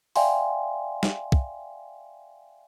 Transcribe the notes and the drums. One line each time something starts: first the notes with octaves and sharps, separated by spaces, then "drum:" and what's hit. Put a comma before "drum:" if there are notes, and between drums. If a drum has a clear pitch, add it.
D5 E5 F5 G5 G#5 C6, drum: open hi-hat
drum: snare
drum: kick